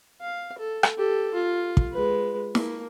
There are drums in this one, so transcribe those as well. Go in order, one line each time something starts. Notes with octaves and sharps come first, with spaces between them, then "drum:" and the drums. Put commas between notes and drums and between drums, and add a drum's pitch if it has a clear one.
F5
A4
drum: rim click
G4 A4
F4
drum: kick
G#3 B4
A#3, drum: snare